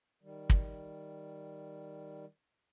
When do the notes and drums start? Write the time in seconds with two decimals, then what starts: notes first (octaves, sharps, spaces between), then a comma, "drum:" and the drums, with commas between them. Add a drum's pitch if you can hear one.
0.23 D#3 G3
0.50 drum: kick